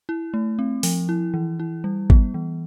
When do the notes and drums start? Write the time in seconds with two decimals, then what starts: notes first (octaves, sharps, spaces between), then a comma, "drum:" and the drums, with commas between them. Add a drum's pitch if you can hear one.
0.09 E4
0.34 A3
0.59 C4
0.83 F3, drum: open hi-hat
1.09 E4
1.34 E3
1.60 E4
1.84 G3
2.10 B3, drum: kick
2.34 E3